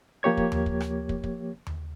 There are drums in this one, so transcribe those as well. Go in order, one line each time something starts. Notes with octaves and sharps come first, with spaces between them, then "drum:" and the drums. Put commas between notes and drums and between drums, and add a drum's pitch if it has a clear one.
F3 A#3 G4 C#5 G#6
drum: kick
drum: tom D#2
drum: kick
drum: rim click
drum: kick
drum: kick
drum: tom D#2